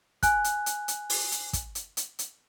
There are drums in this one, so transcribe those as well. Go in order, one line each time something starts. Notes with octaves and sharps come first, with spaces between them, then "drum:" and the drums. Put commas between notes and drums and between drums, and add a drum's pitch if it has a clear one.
G#5 F#6, drum: kick, hi-hat
drum: hi-hat
drum: hi-hat
drum: hi-hat
drum: open hi-hat
drum: hi-hat
drum: kick, hi-hat
drum: hi-hat
drum: hi-hat
drum: hi-hat